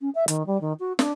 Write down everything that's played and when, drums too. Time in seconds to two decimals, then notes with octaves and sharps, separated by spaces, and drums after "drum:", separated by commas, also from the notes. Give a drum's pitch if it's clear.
0.01 C#4
0.15 E5
0.28 D#3, drum: hi-hat
0.47 G3
0.61 D#3
0.80 F#4
0.99 D4, drum: snare